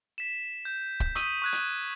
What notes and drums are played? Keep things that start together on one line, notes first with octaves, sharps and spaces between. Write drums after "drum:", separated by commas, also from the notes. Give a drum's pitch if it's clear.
B6 E7
G6
drum: kick
C#6 D#6 E6 B6 D#7, drum: hi-hat
C#6 F#6 G#6
drum: hi-hat